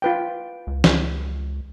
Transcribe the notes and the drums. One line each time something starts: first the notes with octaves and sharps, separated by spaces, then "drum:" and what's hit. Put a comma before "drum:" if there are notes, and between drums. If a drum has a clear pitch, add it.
F4 B4 G5
C#2
drum: snare